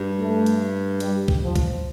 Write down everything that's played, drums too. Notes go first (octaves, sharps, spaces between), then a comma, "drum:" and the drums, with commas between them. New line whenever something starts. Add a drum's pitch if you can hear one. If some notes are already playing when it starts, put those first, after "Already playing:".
Already playing: G2
A3
drum: hi-hat
G3, drum: hi-hat
drum: kick C2
F3
drum: kick C2, hi-hat